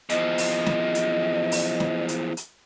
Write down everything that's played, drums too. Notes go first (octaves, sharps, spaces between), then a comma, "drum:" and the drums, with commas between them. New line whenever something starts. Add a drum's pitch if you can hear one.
E2 F3 D#5, drum: hi-hat
drum: open hi-hat
drum: snare
drum: hi-hat
drum: open hi-hat
drum: snare
drum: hi-hat
drum: hi-hat